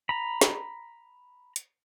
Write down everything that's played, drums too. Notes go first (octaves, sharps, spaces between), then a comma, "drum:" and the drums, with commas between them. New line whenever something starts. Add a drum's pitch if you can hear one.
A#5 B5
drum: snare
drum: hi-hat